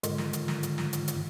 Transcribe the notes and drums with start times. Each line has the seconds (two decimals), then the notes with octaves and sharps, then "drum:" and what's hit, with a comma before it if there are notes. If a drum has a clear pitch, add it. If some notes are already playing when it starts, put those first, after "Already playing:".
0.03 G#2 D3 D#3 G#3 F4, drum: hi-hat
0.18 drum: snare
0.33 drum: hi-hat
0.48 drum: snare
0.63 drum: hi-hat
0.78 drum: snare
0.93 drum: hi-hat
1.08 drum: hi-hat